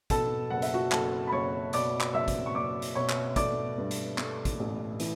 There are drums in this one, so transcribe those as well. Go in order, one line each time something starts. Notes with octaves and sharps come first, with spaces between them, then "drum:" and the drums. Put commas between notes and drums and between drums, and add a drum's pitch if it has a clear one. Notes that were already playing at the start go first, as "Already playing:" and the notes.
B2 A4 A5, drum: kick, hi-hat
F#1 F#5
E5, drum: hi-hat
F#4 F#5
F#1 A4 A5, drum: clap
B5
F#1 C#5 C#6
B2 D5 D6, drum: hi-hat
drum: clap
F#1 E5 E6
drum: kick, hi-hat
C#6
F#1 D5 D6
drum: hi-hat
B2 C#5 C#6
drum: clap
A3 D5 D6, drum: kick, hi-hat
G2
drum: hi-hat
A3, drum: clap
drum: kick, hi-hat
A1
E3, drum: hi-hat